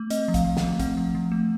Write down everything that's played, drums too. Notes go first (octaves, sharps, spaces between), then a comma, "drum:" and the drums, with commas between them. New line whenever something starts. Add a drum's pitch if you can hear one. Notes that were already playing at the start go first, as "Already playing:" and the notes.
Already playing: A3
C4 D#5, drum: hi-hat
F3
F5, drum: kick A#1, hi-hat
F3
F#5, drum: snare
A3
C4 F#5, drum: kick A#1, hi-hat
F3
F3
A3